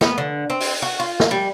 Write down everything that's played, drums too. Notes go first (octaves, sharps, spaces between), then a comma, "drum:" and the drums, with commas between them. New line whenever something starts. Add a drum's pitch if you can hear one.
B3, drum: snare
D3
C4
drum: open hi-hat
F#4
F4
drum: snare
G3